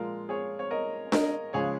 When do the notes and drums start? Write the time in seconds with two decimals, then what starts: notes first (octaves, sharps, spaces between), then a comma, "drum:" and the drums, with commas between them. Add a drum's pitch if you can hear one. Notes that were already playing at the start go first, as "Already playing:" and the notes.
Already playing: A#2 F3 G#3 F4 A#4
0.29 G#4 C#5
0.59 C#5
0.70 A#4 D#5
1.12 A#4 D#5, drum: snare D4
1.53 C#2 C#3 F3 G#3 G#4 C#5